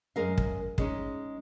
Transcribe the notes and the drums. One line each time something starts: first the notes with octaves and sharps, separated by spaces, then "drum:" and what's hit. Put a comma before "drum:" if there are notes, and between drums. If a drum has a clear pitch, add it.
F#2 G#3 A#4 F5
drum: kick
G#3 C#4 D#4, drum: kick